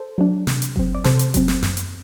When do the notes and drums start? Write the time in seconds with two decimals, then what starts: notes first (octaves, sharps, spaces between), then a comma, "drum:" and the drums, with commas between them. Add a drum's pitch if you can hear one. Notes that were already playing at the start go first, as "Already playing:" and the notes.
Already playing: A4 C5
0.18 F#3 A3 D4
0.47 C3, drum: snare
0.62 drum: hi-hat
0.76 F#3 C4, drum: kick F#1
0.95 D5
1.04 C3 A4 C5, drum: snare
1.19 drum: hi-hat
1.34 F#3 C4, drum: kick F#1, hi-hat
1.48 drum: snare
1.63 F#2, drum: snare
1.77 drum: hi-hat